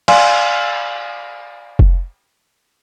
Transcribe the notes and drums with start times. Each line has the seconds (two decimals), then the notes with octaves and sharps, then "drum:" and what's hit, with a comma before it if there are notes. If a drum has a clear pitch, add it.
0.08 D5 F5 G#5 C6, drum: cymbal
1.79 drum: kick F1